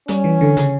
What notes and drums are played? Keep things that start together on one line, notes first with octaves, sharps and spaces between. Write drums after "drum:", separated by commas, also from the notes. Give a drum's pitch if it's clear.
G3 C#4, drum: hi-hat
E3
D3
C#3, drum: hi-hat